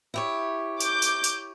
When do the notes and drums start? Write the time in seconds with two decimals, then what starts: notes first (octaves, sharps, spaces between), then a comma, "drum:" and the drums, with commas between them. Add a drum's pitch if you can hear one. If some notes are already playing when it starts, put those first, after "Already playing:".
0.14 E4 G4 C#5
0.80 D6 G6, drum: tambourine
1.02 drum: tambourine
1.24 drum: tambourine